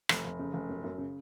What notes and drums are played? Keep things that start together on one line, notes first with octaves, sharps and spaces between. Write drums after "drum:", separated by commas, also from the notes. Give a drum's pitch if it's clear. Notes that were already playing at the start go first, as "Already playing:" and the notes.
F1, drum: rim click
F1
C#3
F1
F#2
F#2
C#3